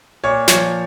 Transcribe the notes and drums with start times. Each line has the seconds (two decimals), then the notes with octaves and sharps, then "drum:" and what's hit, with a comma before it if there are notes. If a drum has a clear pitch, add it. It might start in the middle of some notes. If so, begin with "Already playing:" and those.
0.24 A#2 C#5
0.48 F3 C#5, drum: snare